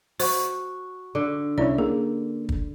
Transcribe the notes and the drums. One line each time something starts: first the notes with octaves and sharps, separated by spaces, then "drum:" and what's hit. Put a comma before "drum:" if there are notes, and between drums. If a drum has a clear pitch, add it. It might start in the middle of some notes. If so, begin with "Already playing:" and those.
F#4 C5 C#6, drum: open hi-hat
D3
C2 C#4 E4 C#5 D5
A#3 G#4
drum: kick